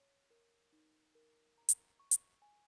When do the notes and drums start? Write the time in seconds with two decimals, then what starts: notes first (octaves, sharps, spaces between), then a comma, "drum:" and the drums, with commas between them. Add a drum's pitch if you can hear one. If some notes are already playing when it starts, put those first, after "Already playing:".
Already playing: C#5
0.30 A#4
0.72 D#4
1.15 A#4
1.58 A#5
1.69 drum: hi-hat
2.00 C#6
2.11 drum: hi-hat
2.42 G#5